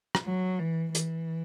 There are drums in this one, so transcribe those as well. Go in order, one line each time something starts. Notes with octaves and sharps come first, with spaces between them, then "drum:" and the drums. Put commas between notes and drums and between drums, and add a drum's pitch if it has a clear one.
drum: rim click
F#3
E3
E3, drum: hi-hat